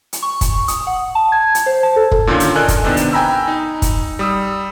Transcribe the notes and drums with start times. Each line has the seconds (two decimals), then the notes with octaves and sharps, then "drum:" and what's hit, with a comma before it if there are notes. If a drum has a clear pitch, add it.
0.13 drum: hi-hat
0.22 C#6
0.41 drum: kick, hi-hat
0.68 D#6, drum: hi-hat
0.87 F#5
1.15 A5
1.32 G#6
1.55 drum: hi-hat
1.66 C5
1.83 A5
1.96 A4
2.12 drum: kick
2.27 A#2 D3 D#3 C#4 F4
2.40 drum: hi-hat
2.55 A4 A#4 D5 D#5 G#5 F#6
2.68 drum: kick, hi-hat
2.84 C3 D#3 B3 D4
2.97 drum: hi-hat
3.13 G5 G#5 A#5 B5 E6
3.48 D#4
3.82 drum: kick, hi-hat
4.19 G3 D#6 E6